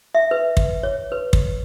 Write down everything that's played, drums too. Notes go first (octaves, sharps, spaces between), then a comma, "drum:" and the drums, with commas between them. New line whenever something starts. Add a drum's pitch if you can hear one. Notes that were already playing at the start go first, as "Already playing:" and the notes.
E5
B4
drum: kick
C#5
B4
drum: kick